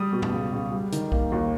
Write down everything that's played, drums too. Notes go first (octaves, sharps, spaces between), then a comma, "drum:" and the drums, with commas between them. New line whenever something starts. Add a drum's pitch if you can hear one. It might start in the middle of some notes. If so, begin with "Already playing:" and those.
Already playing: G3 D#6
B2
drum: tom
C#2
C#2
G3
D#3, drum: hi-hat
A#3, drum: kick B1
D#2